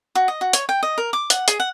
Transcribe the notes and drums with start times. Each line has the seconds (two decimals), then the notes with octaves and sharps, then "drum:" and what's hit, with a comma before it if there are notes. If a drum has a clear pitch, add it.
0.15 F#4
0.28 D#5
0.41 F#4
0.53 C#5, drum: hi-hat
0.69 G5
0.83 D#5
0.98 A#4
1.13 D6
1.30 F#5, drum: hi-hat
1.48 G#4, drum: hi-hat
1.60 F#5